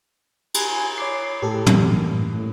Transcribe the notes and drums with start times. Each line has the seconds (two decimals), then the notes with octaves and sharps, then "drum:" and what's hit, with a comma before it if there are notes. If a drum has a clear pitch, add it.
0.54 G#5, drum: cymbal
0.98 C#5 D6 C7
1.42 A2 G4 A4
1.66 E3 G3 A#3, drum: tom
2.33 A2